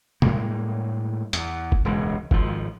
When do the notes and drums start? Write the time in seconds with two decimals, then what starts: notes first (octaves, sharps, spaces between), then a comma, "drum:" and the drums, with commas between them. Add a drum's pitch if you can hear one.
0.22 A2 G3 G#3 A#3, drum: tom
1.33 E2, drum: hi-hat
1.72 drum: kick F1
1.85 E1 C#2 F#2
2.31 G#1 F3, drum: kick F1